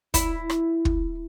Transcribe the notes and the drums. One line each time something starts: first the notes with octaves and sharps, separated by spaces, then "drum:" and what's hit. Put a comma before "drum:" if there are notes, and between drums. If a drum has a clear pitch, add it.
E4, drum: kick, hi-hat
drum: rim click
drum: kick